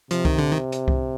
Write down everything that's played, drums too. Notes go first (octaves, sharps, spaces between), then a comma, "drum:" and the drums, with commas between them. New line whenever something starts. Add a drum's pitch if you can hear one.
C3 F3, drum: hi-hat
D#3, drum: kick C2
D3
D#3
drum: hi-hat
drum: kick C2